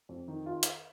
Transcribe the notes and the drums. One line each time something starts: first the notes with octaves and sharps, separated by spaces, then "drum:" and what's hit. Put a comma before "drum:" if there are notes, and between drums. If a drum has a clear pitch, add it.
F2
D#3
F4
drum: hi-hat